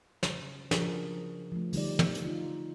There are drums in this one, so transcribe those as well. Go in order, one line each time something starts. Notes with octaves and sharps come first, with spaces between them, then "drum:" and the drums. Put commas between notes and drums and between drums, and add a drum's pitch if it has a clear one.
C#3, drum: snare
C#3 F3 D4 F#4 G#4 A#4, drum: snare
F3 A3
D3 G3 D#4 D5, drum: open hi-hat
drum: tom
drum: hi-hat
D#4 F4